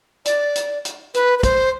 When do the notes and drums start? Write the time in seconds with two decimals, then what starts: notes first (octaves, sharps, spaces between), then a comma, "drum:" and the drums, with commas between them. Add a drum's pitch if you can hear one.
0.25 D5, drum: hi-hat
0.56 drum: hi-hat
0.85 drum: hi-hat
1.14 B4, drum: hi-hat
1.39 B4
1.43 C5, drum: kick, hi-hat